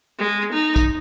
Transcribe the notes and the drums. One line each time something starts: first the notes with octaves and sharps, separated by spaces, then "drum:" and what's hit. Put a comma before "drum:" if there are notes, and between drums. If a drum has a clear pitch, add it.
G#3
D#4
drum: kick, tambourine